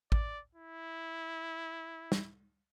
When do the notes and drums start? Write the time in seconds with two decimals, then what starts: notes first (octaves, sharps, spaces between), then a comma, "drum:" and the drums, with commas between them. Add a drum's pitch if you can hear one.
0.12 D5, drum: kick
0.55 E4
2.12 drum: snare